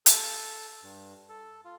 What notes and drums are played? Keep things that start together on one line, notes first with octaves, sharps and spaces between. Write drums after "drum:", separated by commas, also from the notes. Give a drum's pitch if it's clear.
A4, drum: hi-hat
G2
A4
F4